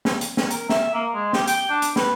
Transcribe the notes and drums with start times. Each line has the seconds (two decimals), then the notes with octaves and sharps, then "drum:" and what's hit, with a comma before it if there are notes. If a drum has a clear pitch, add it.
0.05 drum: snare
0.21 drum: hi-hat
0.37 drum: snare
0.51 A#4, drum: hi-hat
0.69 E5, drum: snare
0.94 A#3
1.14 G#3
1.33 G4, drum: snare
1.48 G5, drum: hi-hat
1.69 D4
1.82 drum: hi-hat
1.96 B4, drum: snare